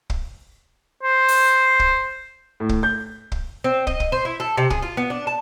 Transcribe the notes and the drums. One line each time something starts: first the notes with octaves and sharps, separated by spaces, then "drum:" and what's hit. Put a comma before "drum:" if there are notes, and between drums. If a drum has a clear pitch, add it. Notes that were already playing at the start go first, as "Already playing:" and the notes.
drum: kick
C5
drum: open hi-hat
drum: kick
A2
drum: kick
G6
drum: kick
C4
D#5, drum: kick
drum: kick
C5
E4
A4
C3
G#4, drum: kick
F4
B3
D4
A5